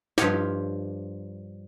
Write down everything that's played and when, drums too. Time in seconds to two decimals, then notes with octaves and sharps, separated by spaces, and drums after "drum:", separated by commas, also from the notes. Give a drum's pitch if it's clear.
0.18 G2 F3 G4 C#5 D#5 F5, drum: snare